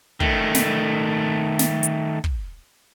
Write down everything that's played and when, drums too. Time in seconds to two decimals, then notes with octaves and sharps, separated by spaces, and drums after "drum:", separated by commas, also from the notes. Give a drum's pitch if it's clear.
0.20 D#3 A3, drum: kick
0.55 drum: snare
1.59 drum: snare
1.83 drum: hi-hat
2.24 drum: kick